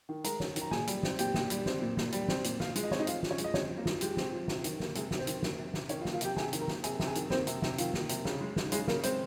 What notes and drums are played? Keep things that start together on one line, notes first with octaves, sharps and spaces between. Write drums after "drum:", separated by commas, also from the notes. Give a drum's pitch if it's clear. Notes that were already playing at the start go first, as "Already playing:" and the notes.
D#3
G#3 A#4 A#5, drum: hi-hat
C#4, drum: snare
D#3, drum: hi-hat
A#5
A#2 G#4 G#5, drum: snare
G3, drum: hi-hat
C4, drum: snare
A#2 G4 G5, drum: hi-hat
A#2, drum: snare
G3, drum: hi-hat
C4, drum: snare
A#2
A#2, drum: snare
G3, drum: hi-hat
C4, drum: snare
A#2, drum: hi-hat
F3 F4 F5, drum: snare
G#3, drum: hi-hat
D#5
C4 C#5, drum: snare
D#4 D#5
F3 F4 F5, drum: hi-hat
F3, drum: snare
C#4 C#5
G#3, drum: hi-hat
D#5
C4 C#4 C#5, drum: snare
F3
A#3 A#4
F3, drum: snare
G#3 G4, drum: hi-hat
C4, drum: snare
F3
C3, drum: snare
D#3, drum: hi-hat
A#3, drum: snare
C3 G#3 G#4, drum: hi-hat
C3, drum: snare
C4 C5
D#3, drum: hi-hat
A#3, drum: snare
C3
C3, drum: snare
D#3 C#4 C#5, drum: hi-hat
F4 F5
A#3, drum: snare
F4 F5
C3 G4 G5, drum: hi-hat
C3 G#4 G#5, drum: snare
D#3, drum: hi-hat
A#4 A#5
A#3, drum: snare
C3 G#4 G#5, drum: hi-hat
C3, drum: snare
G#4 G#5
D#3, drum: hi-hat
A#3 C4 C5, drum: snare
C3, drum: hi-hat
C3, drum: snare
D#3 F4, drum: hi-hat
A#3, drum: snare
C3, drum: hi-hat
C#3, drum: snare
G#3
D#4, drum: snare
C#3 G#3 G#4, drum: hi-hat
C#3 A#3 A#4, drum: snare
G#3 C4 C5, drum: hi-hat